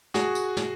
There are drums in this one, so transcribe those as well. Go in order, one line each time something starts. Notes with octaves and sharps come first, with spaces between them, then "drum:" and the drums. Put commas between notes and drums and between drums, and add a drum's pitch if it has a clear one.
F#4 G#4, drum: snare
drum: tambourine
drum: snare